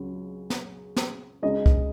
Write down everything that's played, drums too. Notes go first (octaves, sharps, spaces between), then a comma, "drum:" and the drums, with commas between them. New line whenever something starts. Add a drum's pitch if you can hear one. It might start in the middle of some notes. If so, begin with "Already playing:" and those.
Already playing: C#2 C#3 F#3
drum: snare
drum: snare
C#2 C#3 G#3 D#4 D#5
drum: kick